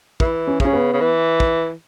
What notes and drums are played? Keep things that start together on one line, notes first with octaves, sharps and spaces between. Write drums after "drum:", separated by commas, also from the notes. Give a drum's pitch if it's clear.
E3 E4, drum: kick
C#4
C#3 C#4, drum: kick
B3
C#3
E3
drum: kick